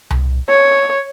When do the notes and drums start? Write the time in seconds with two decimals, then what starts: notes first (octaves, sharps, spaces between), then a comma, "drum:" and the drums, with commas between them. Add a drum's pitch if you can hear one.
0.10 drum: tom C2
0.49 C#5